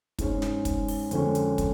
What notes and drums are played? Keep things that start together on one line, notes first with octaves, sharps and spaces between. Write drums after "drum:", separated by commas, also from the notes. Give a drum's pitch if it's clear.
G#2 G#3 C#4, drum: kick, hi-hat
drum: snare
drum: kick, hi-hat
drum: open hi-hat
F2 D3 F3 G#3 C#4, drum: hi-hat
drum: hi-hat
drum: kick, hi-hat